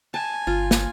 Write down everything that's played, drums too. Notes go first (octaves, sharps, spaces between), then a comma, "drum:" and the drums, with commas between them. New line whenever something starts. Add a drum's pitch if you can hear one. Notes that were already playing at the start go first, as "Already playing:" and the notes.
G#5 A5
G1 F4
drum: snare